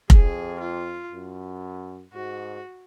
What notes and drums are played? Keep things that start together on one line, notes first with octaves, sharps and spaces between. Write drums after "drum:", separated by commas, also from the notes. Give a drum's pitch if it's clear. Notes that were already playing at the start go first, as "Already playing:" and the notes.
F2 G#4, drum: kick F1
F4
F#2
G#2 F#4